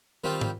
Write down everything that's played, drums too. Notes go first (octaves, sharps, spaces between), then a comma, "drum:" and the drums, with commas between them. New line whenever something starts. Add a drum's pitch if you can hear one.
D#3 G3 C4 F4
drum: tom